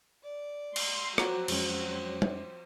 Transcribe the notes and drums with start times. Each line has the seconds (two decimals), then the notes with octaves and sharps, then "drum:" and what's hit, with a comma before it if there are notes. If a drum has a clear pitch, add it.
0.24 D5
0.76 C6, drum: cymbal
1.18 F3 F#3 C4 F#4 A#5 D6, drum: rim click
1.48 F2 G#3 C#4, drum: cymbal
2.22 drum: tom G3